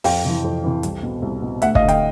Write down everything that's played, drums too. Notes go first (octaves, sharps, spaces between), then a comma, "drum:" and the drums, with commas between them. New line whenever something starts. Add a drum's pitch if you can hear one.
F2 F5 G5, drum: open hi-hat
C3 E3
F2
C3 E3
C2, drum: hi-hat
B2
C2
B2
D2 E5 F#5, drum: hi-hat
D#5 F5, drum: kick
D3
F5 G5, drum: hi-hat